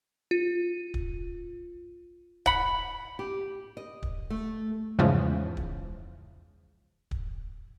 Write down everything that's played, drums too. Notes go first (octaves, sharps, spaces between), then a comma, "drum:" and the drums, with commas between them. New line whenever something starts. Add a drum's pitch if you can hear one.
F4
drum: kick
F#5 B5, drum: kick
G4
D#5
drum: kick
A3
E2 G#2 C#3 E3 F3
drum: kick
drum: kick